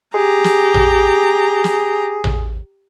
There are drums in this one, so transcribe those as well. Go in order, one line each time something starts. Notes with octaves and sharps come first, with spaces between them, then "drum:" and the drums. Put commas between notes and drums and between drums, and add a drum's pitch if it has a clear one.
G4 G#4 A#5
drum: snare
drum: tom A1
drum: snare
drum: tom A1